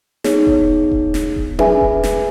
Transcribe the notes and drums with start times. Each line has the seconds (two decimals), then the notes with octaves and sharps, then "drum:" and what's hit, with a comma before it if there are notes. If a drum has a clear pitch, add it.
0.24 B3 D#4 G#4 C#5, drum: snare
0.47 drum: kick E1
0.92 drum: kick E1
1.14 drum: snare
1.36 drum: kick E1
1.59 G#4 B4 E5 G#5, drum: tom C#4
1.81 drum: kick E1
2.03 drum: snare